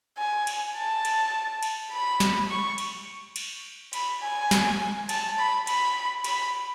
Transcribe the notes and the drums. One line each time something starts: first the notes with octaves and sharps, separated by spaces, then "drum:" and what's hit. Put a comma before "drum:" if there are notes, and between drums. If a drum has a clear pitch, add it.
G#5
drum: cymbal
A5
drum: cymbal
drum: cymbal
B5
drum: snare
C#6
drum: cymbal
drum: cymbal
B5, drum: cymbal
G#5
drum: snare
A5, drum: cymbal
B5
B5, drum: cymbal
B5, drum: cymbal